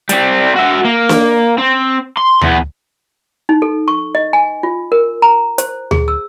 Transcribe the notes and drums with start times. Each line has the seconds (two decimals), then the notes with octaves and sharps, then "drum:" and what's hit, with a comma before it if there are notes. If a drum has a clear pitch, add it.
0.09 G3 C4, drum: hi-hat
0.56 F#4 E5
0.85 A#3
1.09 drum: snare
1.58 C4
2.17 C6
2.41 E2 B3, drum: tom D2
3.49 D#4
3.62 A4
3.88 C#6
4.15 D#5
4.33 G#5
4.63 F4
4.92 A#4
5.22 A#5
5.58 C5, drum: hi-hat
5.91 G#4, drum: tom D2
6.08 E6